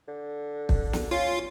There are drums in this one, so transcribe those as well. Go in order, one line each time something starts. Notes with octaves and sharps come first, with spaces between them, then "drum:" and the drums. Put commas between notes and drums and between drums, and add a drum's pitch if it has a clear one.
D3
drum: kick
drum: snare
C#4 F4